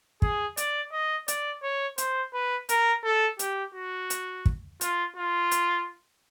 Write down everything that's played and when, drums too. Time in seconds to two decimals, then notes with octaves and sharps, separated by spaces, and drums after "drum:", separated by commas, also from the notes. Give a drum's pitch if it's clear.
0.22 G#4, drum: kick
0.57 D5, drum: hi-hat
0.92 D#5
1.28 D5, drum: hi-hat
1.63 C#5
1.98 C5, drum: hi-hat
2.34 B4
2.69 A#4, drum: hi-hat
3.04 A4
3.39 G4, drum: hi-hat
3.74 F#4
4.10 drum: hi-hat
4.46 drum: kick
4.81 F4, drum: hi-hat
5.16 F4
5.52 drum: hi-hat